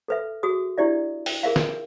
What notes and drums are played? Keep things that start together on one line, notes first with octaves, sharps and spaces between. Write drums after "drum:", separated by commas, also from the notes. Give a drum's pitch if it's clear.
A4 B4 E5
F#4 G#4 D#6
D4 E4 G4 D5 E5
E5 G5, drum: open hi-hat
G#4 A#4 E5 F5
drum: snare